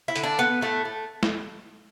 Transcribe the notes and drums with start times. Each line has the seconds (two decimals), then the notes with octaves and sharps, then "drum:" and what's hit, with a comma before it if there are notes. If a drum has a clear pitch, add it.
0.08 E4
0.16 D3, drum: hi-hat
0.23 D4
0.39 A3 B3
0.61 A2 A3
0.85 A3
1.23 drum: snare